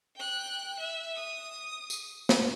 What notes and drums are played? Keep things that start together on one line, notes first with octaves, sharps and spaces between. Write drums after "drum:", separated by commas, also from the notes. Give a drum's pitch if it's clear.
G5 F#6
E5
D#6
drum: tambourine
drum: snare